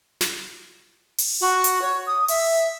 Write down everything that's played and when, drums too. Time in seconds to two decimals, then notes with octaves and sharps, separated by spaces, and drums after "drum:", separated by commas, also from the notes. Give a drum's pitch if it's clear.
0.21 drum: snare
1.18 drum: open hi-hat
1.40 F#4
1.64 drum: hi-hat
1.81 C#5
2.06 D#6
2.28 E5, drum: open hi-hat